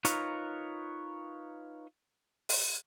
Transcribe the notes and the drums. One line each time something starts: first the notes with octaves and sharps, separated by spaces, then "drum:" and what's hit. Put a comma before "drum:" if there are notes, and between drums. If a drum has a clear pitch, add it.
D#4 F4 A#4 B4 C#5, drum: hi-hat
drum: open hi-hat